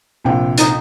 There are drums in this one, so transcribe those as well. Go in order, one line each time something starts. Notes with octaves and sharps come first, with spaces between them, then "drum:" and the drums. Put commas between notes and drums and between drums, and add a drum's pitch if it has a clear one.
A#1 C3 G5
D#4, drum: hi-hat